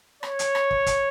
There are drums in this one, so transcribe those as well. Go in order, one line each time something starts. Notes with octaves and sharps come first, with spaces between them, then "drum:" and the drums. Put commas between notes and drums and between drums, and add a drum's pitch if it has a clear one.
C#5, drum: rim click
drum: hi-hat
drum: rim click
drum: kick
drum: kick, hi-hat